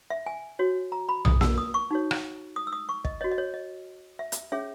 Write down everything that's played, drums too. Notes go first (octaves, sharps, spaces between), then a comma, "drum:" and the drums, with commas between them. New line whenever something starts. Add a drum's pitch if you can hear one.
E5
G#5
F#4 C#5
A#5
B5
D#6, drum: tom B1
E6, drum: snare A#3
D#6
C#6
D#4 F#4 C#5
drum: rim click
D#6
E6
D#6
C#6
D#5, drum: kick
F#4 C#5 D#5
D#5
C#5
D#5
E5
drum: hi-hat
C#4 G#4 C#5 E5